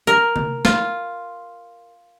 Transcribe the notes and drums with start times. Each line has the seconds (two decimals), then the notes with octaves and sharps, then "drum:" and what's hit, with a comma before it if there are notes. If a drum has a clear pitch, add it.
0.07 A#4, drum: hi-hat
0.36 drum: tom C3
0.65 F4, drum: snare